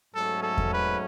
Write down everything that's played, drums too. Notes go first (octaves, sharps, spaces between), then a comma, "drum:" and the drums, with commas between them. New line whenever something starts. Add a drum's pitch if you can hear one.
G#2 F#3 A3 C#4 A4
A4
drum: kick E2
B4